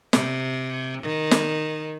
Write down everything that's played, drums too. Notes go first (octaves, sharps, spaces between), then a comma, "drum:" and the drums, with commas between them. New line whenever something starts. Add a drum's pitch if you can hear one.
C3, drum: snare
D#3
drum: snare